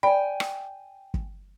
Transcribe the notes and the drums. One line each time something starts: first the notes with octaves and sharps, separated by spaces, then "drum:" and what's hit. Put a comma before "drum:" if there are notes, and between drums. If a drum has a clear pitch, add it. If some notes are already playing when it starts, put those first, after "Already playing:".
D5 G5 G#5 B5
drum: rim click
drum: kick